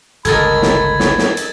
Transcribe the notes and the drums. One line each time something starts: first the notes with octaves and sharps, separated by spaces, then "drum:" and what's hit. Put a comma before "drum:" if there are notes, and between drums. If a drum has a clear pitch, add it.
G1 C#2 A4 A#4 D#5 B5 G#6 A6, drum: hi-hat
drum: snare
drum: snare
drum: snare
drum: hi-hat